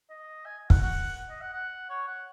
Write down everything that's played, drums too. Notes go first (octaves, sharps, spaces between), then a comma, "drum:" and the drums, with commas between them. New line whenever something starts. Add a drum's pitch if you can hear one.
D#5
G#5
F#5, drum: kick
F#5
D#5
F#5
F#5
C#5
F#5